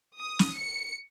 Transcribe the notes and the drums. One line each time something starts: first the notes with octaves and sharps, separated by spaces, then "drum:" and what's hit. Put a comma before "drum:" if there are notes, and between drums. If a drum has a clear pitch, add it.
D#6
drum: snare
C#7